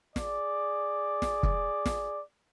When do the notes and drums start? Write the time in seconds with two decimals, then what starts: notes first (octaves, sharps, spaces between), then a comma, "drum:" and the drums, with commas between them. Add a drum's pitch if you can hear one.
0.16 G#4 D5, drum: snare
1.22 drum: snare
1.43 drum: kick
1.86 drum: snare